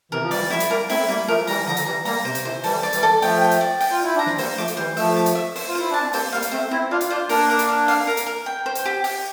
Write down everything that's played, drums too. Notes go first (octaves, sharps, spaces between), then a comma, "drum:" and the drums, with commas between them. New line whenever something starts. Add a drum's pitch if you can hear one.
C3 E3 A#4
F3
E3 G3 D5, drum: open hi-hat
G3
F3 A3 E4
drum: hi-hat
G3 A#3 A#4
A3 C4 E4, drum: open hi-hat
G3 A#3 E4
F3 A3 A#4
E3 G3 A#5, drum: open hi-hat
D3 F3 A#5
drum: hi-hat
E3 G3 A#5
G3 A#3 A#5, drum: open hi-hat
C3 C5
drum: hi-hat
C3 E3 C5
E3 G3 A4, drum: open hi-hat
D5
E3 G3, drum: hi-hat
A4
F3 A3 G5, drum: open hi-hat
G5
drum: hi-hat
D5
G5, drum: open hi-hat
F4
E4 G5
D4 A#5
C4, drum: snare
G3 A#3 C5, drum: open hi-hat
F3 A3 D6
drum: hi-hat
E3 G3 C5
F3 A3 E5, drum: open hi-hat
D6
drum: hi-hat
E5
C5, drum: open hi-hat
F4
E4 C5
D4 A5
C4
G3 A#3 C5, drum: open hi-hat
G3 A#3 F5
drum: hi-hat
A3 C4 C5
C4 E4 C5
D4 F4 F5
drum: hi-hat
D4 F4 C5
A#3 D4 A#4, drum: open hi-hat
A#4
drum: hi-hat
F5
F5, drum: open hi-hat
A#4
drum: hi-hat
A#4
G5
C5
drum: hi-hat
G4
G4, drum: open hi-hat